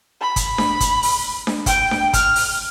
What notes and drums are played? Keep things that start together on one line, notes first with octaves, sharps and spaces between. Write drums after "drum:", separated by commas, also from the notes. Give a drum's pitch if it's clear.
B5
drum: kick, hi-hat
drum: snare D4
drum: kick, hi-hat
drum: open hi-hat
drum: snare D4
G5, drum: kick, hi-hat
drum: snare D4
F6, drum: kick, hi-hat
drum: open hi-hat